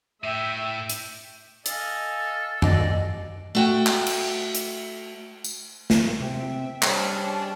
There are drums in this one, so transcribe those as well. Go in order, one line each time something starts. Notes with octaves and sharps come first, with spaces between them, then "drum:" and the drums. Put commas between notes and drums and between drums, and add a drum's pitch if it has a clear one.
A2 E5 G5
drum: hi-hat
A4 D#5 F5 G#5, drum: hi-hat
D5 D#5, drum: tom F#2
A3 F#4 G5
drum: clap
drum: cymbal
drum: hi-hat
drum: tambourine
drum: snare
C3 E5 G5
G3 C#4 D4 G#4 C5 C#5, drum: clap